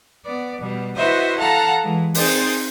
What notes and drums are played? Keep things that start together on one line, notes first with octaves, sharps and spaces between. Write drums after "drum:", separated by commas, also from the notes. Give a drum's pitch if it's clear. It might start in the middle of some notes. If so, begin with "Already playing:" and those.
B3 D5
B2 G3
E4 F#4 B4 C5 D#5 E5
A4 F5 F#5 A5 A#5
E3 G#3
C4 D#4 G#4 C5 G5 A6, drum: open hi-hat